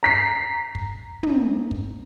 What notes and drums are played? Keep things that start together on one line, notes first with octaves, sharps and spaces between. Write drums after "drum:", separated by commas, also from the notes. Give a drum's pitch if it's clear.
A#5 B6 C7
drum: kick
drum: tom
drum: kick